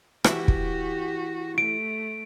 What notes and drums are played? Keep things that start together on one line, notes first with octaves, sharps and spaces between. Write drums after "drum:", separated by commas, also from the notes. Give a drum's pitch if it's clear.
E3 E4 F#4 G4 E5, drum: rim click
drum: kick
A3 D7